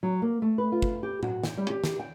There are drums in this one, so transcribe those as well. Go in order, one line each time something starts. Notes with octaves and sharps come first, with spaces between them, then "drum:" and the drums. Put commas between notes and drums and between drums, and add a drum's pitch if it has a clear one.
F#3
A#3
A3
B4
F4
drum: kick
G4
F#4, drum: tom A2
G5, drum: snare
G3
G4
drum: snare
G5